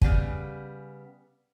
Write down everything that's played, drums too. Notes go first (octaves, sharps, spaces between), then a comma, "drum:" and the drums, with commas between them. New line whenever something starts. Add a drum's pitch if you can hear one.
C#3 G3 B3 G#5, drum: kick